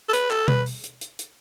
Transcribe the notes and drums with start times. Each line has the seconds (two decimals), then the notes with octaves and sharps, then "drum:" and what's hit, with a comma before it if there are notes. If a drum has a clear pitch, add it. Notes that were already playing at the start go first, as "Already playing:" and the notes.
0.09 A4
0.13 B4, drum: hi-hat
0.30 A4, drum: clap
0.48 B4, drum: tom B2
0.66 drum: open hi-hat
0.84 drum: hi-hat
1.01 drum: hi-hat
1.19 drum: hi-hat